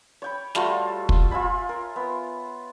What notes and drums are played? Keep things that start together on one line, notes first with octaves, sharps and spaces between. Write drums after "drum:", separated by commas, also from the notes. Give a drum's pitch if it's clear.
C#5 G5 B5
G3 A3 F4 F#4, drum: snare
drum: kick
F4 E5 G#5 B5
A#4
B3